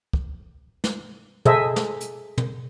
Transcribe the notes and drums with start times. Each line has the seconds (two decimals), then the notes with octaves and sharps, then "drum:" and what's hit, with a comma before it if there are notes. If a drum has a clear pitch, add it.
0.13 drum: kick
0.84 drum: snare
1.45 G#4 A4 C5 D#5 E5 G#5, drum: tom
1.76 drum: snare
2.01 drum: hi-hat
2.38 drum: tom